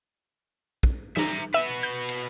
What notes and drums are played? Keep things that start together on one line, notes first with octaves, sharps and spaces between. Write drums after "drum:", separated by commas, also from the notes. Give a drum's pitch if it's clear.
drum: kick
E5 A#5, drum: snare
F#4 B4 E5
G6
drum: cymbal